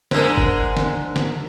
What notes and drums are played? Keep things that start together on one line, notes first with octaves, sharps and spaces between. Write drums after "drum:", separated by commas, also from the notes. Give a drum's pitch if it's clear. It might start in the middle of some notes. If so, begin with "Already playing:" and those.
D3 G#3 A#4 C5, drum: snare
drum: kick
drum: snare
drum: snare